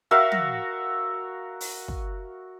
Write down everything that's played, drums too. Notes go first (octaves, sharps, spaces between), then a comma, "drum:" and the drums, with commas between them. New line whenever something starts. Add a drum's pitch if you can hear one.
F#4 A#4 E5 F5
drum: tom
drum: open hi-hat
drum: kick